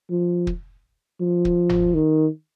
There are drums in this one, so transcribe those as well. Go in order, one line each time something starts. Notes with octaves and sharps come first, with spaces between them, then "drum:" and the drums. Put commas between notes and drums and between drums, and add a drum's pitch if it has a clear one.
F3
drum: kick
F3
drum: kick
drum: tom F#1
D#3